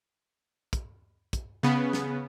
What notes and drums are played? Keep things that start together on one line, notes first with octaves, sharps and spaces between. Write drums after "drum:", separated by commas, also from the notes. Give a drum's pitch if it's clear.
drum: kick, hi-hat
drum: kick, hi-hat
C#3 B3
drum: snare